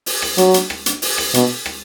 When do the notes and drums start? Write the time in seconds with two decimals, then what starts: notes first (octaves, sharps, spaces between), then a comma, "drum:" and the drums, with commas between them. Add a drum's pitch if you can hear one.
0.06 drum: open hi-hat
0.22 drum: rim click
0.38 F#3, drum: hi-hat
0.54 drum: hi-hat
0.70 drum: rim click
0.86 drum: hi-hat
1.02 drum: open hi-hat
1.18 drum: rim click
1.34 B2, drum: hi-hat
1.66 drum: rim click